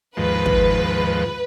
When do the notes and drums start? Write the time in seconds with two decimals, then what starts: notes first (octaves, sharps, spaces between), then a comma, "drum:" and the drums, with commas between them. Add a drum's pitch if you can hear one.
0.17 D#2 G#2 F3 B4
0.46 drum: kick